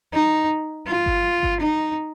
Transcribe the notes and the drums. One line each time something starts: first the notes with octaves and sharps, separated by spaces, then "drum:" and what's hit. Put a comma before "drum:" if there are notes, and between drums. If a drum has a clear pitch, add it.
D#4
F4
drum: kick G1
drum: kick G1
D#4